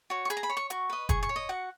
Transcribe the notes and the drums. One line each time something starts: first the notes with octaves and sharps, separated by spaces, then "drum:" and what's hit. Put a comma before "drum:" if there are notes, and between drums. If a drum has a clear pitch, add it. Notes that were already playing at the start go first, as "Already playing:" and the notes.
F#4 C#5
C#6
G#4 B5, drum: hi-hat
A#5
B5
C#5
C#6
F#4 C#6, drum: hi-hat
B4 D#5
G#4 C#6, drum: kick, hi-hat
C#6
C#5
D#5
F#4 F#5